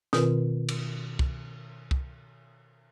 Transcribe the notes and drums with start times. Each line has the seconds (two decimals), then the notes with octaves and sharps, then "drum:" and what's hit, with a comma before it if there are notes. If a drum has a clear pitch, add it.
0.13 B2 D#3 C4 F4 A#4 B4, drum: snare
0.69 drum: cymbal
1.19 drum: kick C2
1.91 drum: kick C2